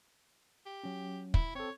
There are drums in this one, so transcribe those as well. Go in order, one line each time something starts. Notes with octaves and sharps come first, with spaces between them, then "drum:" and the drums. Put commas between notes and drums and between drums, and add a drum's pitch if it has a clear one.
G4
F#3 C#4
E4, drum: kick
C4 A4 C#5